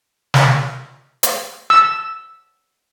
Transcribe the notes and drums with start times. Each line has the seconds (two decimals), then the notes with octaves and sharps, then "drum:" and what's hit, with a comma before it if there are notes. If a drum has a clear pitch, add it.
0.34 drum: snare
1.23 drum: hi-hat
1.70 E6